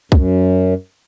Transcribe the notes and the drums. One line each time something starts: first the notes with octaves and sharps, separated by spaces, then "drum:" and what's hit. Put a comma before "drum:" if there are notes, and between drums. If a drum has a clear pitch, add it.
F#2, drum: kick C2